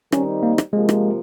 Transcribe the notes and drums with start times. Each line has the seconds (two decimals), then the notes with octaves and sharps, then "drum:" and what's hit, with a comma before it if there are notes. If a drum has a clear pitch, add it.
0.12 D#3 G3 C4 C#4 D#4, drum: rim click
0.43 A#3
0.58 drum: rim click
0.73 C3 F3 G#3 A#3
0.89 drum: rim click